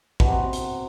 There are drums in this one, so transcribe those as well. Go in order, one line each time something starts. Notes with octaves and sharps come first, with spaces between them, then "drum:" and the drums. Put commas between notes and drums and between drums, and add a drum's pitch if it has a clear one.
B2, drum: kick
C3
drum: hi-hat